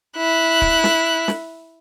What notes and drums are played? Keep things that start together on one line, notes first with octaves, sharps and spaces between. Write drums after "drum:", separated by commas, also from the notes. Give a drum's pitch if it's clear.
E4 F#6
drum: kick
drum: snare
drum: snare